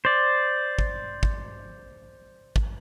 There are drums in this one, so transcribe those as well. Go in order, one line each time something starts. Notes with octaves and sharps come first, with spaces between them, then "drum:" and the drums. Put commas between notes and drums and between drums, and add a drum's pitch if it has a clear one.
C5 D5
drum: kick
drum: kick
drum: kick